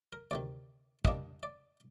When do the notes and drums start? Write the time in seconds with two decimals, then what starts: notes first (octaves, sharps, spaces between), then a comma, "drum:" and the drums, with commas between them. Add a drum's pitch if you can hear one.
0.13 A#4
0.31 D2 C3 D#3 D5
1.05 A#2 G3 A#3 D4 D#5, drum: kick
1.43 D5